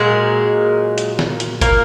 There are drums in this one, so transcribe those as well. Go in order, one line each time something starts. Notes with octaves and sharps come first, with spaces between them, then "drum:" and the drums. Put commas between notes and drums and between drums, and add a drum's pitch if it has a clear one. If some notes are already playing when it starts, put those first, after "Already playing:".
Already playing: A#2 F#3 G#3 G#4
drum: hi-hat
drum: snare
drum: hi-hat
A#3 A#4, drum: kick, hi-hat